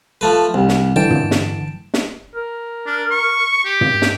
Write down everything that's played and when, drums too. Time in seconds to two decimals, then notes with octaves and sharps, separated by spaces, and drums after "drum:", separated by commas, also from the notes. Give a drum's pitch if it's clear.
0.21 F3 A3 B4
0.54 C2 G3 C4
0.69 drum: snare
0.96 D3 E3 G5 A5
1.10 drum: tom
1.31 drum: snare
1.94 drum: snare
2.35 A#4
2.86 D4
3.11 C#6
3.65 G4
3.81 drum: tom
4.02 drum: snare